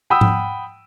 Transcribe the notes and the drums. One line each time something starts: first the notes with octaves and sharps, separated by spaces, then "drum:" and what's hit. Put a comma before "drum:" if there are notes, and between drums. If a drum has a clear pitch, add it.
F#5 G5 B5 D#6 E6
drum: tom G#2